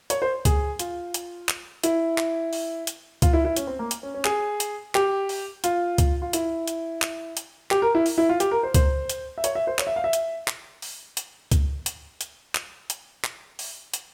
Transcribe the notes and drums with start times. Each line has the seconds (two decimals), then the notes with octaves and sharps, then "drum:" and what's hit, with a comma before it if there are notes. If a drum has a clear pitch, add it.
0.10 C#5, drum: hi-hat
0.22 C5
0.45 G#4, drum: kick C#2, hi-hat
0.79 F4, drum: hi-hat
1.14 drum: hi-hat
1.49 drum: clap
1.83 E4, drum: hi-hat
2.18 drum: clap
2.53 drum: open hi-hat
2.87 drum: hi-hat
3.22 F4, drum: kick C#2, hi-hat
3.33 E4
3.45 E4
3.56 C#4, drum: hi-hat
3.67 C4
3.79 A#3
3.91 drum: hi-hat
4.03 C#4
4.14 C#4
4.25 G#4, drum: clap
4.60 drum: hi-hat
4.95 G4, drum: clap
5.29 drum: open hi-hat
5.64 F4, drum: hi-hat
5.98 drum: kick C#2, hi-hat
6.22 F4
6.33 E4, drum: hi-hat
6.68 drum: hi-hat
7.02 drum: clap
7.37 drum: hi-hat
7.71 G4, drum: clap
7.82 A#4
7.95 E4
8.06 drum: open hi-hat
8.18 E4
8.29 F4
8.40 G4, drum: hi-hat
8.51 A#4
8.63 C5
8.74 C5, drum: kick C#2, hi-hat
9.10 drum: hi-hat
9.38 E5
9.44 C#5, drum: hi-hat
9.55 E5
9.67 C5
9.79 C#5, drum: clap
9.87 E5
9.96 F5
10.04 E5
10.13 drum: hi-hat
10.48 drum: clap
10.82 drum: open hi-hat
11.17 drum: hi-hat
11.52 drum: kick C#2, hi-hat
11.86 drum: hi-hat
12.21 drum: hi-hat
12.55 drum: clap
12.90 drum: hi-hat
13.24 drum: clap
13.59 drum: open hi-hat
13.94 drum: hi-hat